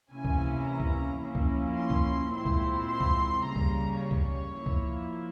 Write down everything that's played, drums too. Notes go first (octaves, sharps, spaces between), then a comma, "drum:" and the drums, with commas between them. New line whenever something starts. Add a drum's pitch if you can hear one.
C3 E3 A#3 C#4 E4 G#5
drum: kick C#2
A#5
drum: kick C#2
F3 A#3 C#4 E4
drum: kick C#2
C6
drum: kick C#2
A#2 G#3 C4 E4 C6
drum: kick C#2
C6
drum: kick C#2
C#3 G3 A#3 A#5
drum: kick C#2
C#5
drum: kick C#2
F3 A#3 E4
drum: kick C#2